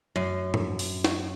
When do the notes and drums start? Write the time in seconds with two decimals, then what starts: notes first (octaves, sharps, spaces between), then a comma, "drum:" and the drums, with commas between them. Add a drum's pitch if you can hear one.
0.16 F#2
0.54 drum: tom
0.79 drum: open hi-hat
1.04 drum: snare